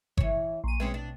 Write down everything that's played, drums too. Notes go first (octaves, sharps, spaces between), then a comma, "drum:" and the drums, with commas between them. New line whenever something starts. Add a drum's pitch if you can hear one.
E3 C#5, drum: kick G1
A#1 D#7
B2 G#3 C4 C#4
D4